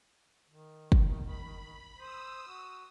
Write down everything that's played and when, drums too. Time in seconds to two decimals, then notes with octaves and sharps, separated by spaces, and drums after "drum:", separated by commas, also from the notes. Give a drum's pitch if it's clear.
0.49 D#3
0.92 drum: kick
1.26 B5
1.98 C5 D#6 E6
2.48 F#4